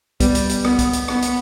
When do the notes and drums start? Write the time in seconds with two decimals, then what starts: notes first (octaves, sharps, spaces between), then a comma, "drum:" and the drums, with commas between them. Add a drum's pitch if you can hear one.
0.20 G3 B3, drum: kick, hi-hat
0.35 drum: hi-hat
0.49 drum: hi-hat
0.65 B3, drum: rim click
0.79 drum: kick, hi-hat
0.93 drum: hi-hat
1.08 B3, drum: rim click
1.22 drum: hi-hat